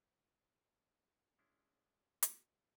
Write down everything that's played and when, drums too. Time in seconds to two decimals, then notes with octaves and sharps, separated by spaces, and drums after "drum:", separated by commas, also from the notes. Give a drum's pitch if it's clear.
1.39 G#3 C#4 D4 E4
2.23 drum: hi-hat